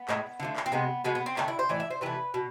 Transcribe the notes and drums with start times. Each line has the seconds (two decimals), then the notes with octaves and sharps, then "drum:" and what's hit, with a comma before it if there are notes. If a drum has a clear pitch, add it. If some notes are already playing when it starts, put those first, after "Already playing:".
Already playing: B3
0.08 A2 G#3, drum: clap
0.40 D3 F3 A3
0.56 drum: clap
0.66 C4
0.72 C3 G#3 B3
1.04 B2 G#3 B3
1.15 B3
1.26 C4
1.37 D3 A3 D4, drum: clap
1.48 E4
1.59 C5
1.69 A2 E3 D5
1.80 E5
1.90 C5
2.01 C3 E3 A3 B4
2.34 B2